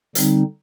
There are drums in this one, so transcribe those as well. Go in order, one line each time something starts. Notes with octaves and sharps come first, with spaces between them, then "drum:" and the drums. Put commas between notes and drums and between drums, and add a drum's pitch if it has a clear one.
D3 G3 C4 D#4, drum: hi-hat